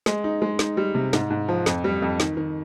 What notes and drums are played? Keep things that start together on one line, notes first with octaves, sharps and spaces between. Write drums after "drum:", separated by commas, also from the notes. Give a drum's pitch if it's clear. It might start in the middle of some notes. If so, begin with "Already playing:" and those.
G#3, drum: snare
D#4
G#3
D#4, drum: snare
G3
C3
G#2, drum: snare
G#2
F3
F2, drum: snare
G3
F2
D#3, drum: snare
D#3